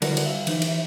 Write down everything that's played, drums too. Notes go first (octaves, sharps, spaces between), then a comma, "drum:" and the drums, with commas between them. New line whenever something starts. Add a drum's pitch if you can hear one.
D3 G3 E4 F#4 A#4 B4, drum: cymbal
drum: cymbal
E5 F5
E3 D#4, drum: cymbal
drum: cymbal